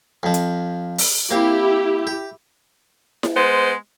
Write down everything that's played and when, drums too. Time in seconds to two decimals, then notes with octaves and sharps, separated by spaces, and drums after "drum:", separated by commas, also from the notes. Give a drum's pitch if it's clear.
0.23 F2 F3
0.34 drum: hi-hat
0.98 drum: open hi-hat
1.31 A#3 C4 E4 G4
2.07 G4
3.23 drum: snare E4
3.35 G#3 B3 C5